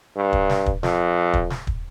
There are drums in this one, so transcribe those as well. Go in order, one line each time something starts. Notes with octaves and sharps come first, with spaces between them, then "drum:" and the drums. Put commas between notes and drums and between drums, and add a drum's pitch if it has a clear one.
G2
drum: kick
drum: snare
drum: kick
F2, drum: snare
drum: kick
drum: snare
drum: kick